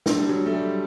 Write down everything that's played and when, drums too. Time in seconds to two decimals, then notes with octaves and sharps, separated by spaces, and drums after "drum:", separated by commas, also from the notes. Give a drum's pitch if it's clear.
0.06 D3, drum: snare
0.18 G3
0.29 F#3
0.46 A3
0.54 G3